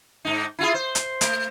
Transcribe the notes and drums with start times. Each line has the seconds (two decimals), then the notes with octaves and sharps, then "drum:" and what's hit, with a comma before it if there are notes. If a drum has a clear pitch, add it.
0.25 G#2 D#4
0.59 E4 F4 G#4
0.74 C5
0.95 drum: hi-hat
1.21 A3, drum: hi-hat